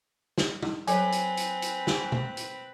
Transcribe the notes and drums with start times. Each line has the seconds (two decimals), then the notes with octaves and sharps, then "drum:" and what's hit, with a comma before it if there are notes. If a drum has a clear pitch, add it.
0.38 drum: snare
0.62 drum: tom
0.87 F#3 C4 A4 B4 C#5 G#5, drum: hi-hat
1.12 drum: hi-hat
1.37 drum: hi-hat
1.62 drum: hi-hat
1.87 drum: snare
2.12 drum: tom
2.37 drum: hi-hat